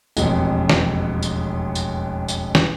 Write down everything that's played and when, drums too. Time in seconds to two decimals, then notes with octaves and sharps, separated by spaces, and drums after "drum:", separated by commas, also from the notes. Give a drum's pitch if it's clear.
0.17 E1 A1 F2, drum: tambourine
0.70 drum: snare
1.22 drum: tambourine
1.75 drum: tambourine
2.28 drum: tambourine
2.55 drum: snare